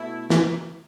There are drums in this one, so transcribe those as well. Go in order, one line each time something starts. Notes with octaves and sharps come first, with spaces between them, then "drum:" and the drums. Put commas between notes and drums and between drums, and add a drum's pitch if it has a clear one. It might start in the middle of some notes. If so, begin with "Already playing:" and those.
Already playing: B2 A3 E4
E3, drum: snare